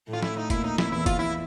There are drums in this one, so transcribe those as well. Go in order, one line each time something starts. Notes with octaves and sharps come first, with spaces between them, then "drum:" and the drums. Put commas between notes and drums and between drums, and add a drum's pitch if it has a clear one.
A2 A3 F4
E4, drum: snare
D#4
A#2 A#3 E4, drum: kick, hi-hat
D#4
E4, drum: snare
E2 E3 E4
F4, drum: kick, hi-hat
E4